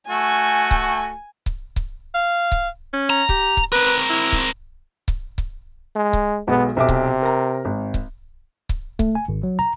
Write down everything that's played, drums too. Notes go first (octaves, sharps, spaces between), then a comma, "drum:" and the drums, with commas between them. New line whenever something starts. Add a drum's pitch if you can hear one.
A3 F#4 G#5
drum: kick C#1
drum: kick C#1
drum: kick C#1
F5
drum: kick C#1
C#4
A#5
G4, drum: kick C#1
drum: kick C#1
C4 A#4 B4
E4
drum: kick C#1
drum: kick C#1
drum: kick C#1
G#3
drum: kick C#1
B1 G#3 B3
B1 C3 E5 D6
drum: kick C#1
A#4 A#5
G#1
drum: kick C#1
drum: kick C#1
A3, drum: kick C#1
G#5
G#1
F#3
A#5